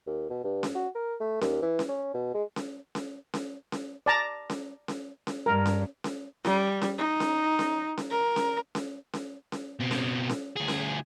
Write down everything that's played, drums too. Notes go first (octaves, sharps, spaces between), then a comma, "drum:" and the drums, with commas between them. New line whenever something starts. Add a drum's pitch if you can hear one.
D#2
B2
G2
drum: snare C#4
F#4
A#4
A3
D#2, drum: snare C#4
E3
drum: snare C#4
C#4
B2
G#3
drum: snare C#4
drum: snare C#4
drum: snare C#4
drum: snare C#4
D5 A5 A#5
drum: snare C#4
drum: snare C#4
drum: snare C#4
G2 A#4
drum: snare C#4
drum: snare C#4
G3, drum: snare C#4
drum: snare C#4
D#4
drum: snare C#4
drum: snare C#4
drum: snare C#4
A#4
drum: snare C#4
drum: snare C#4
drum: snare C#4
drum: snare C#4
B2 C4
drum: snare C#4
drum: snare C#4
D2 G#4
drum: snare C#4